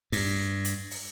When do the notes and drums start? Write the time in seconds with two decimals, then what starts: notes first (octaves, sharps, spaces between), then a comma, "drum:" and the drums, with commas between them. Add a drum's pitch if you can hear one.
0.12 G2, drum: open hi-hat
0.65 drum: hi-hat
0.91 drum: open hi-hat